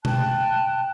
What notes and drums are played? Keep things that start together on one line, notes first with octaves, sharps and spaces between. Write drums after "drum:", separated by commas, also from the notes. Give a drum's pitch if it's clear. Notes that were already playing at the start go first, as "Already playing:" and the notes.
G5 A5 F#6, drum: tom B2